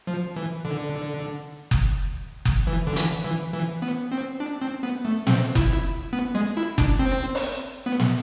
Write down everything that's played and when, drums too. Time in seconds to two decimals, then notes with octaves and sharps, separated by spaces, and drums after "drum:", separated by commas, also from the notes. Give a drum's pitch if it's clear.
0.07 F3
0.36 E3
0.65 D3
1.71 drum: kick F#1
2.45 drum: kick F#1
2.67 E3
2.87 D3
2.96 E3, drum: hi-hat
3.24 E3
3.53 E3
3.82 B3
4.12 C4
4.40 D4
4.62 C4
4.83 B3
5.05 A3
5.27 C4, drum: snare
5.55 E4, drum: kick F#1
5.73 E4
6.13 B3
6.35 G#3
6.57 E4
6.78 D4, drum: kick F#1
6.99 C4
7.35 drum: open hi-hat
7.86 B3
7.99 drum: snare